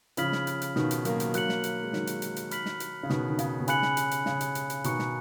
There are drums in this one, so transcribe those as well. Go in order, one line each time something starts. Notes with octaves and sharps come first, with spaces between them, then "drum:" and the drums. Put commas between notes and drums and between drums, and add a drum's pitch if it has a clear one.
C#3 F3 B5 F6 B6 F#7, drum: hi-hat
drum: snare
drum: hi-hat
drum: hi-hat
B2 D#3, drum: snare
drum: hi-hat
F#3 A#3, drum: hi-hat
drum: hi-hat
F#3 A#3 F#6 C#7 F#7, drum: hi-hat
drum: snare
drum: hi-hat
G#3
D#3 F#3, drum: snare
drum: hi-hat
drum: hi-hat
drum: hi-hat
B5 F6 B6 F#7, drum: hi-hat
drum: snare
drum: hi-hat
C#3
B2 D#3, drum: snare
D#3
C#3, drum: hi-hat
B2
C#3 G#5 B5 F#6 C#7 F#7, drum: hi-hat
drum: snare
drum: hi-hat
drum: hi-hat
C#3, drum: snare
drum: hi-hat
drum: hi-hat
drum: hi-hat
B2 D#3 A#5 C#6 F#6 C#7, drum: hi-hat
drum: snare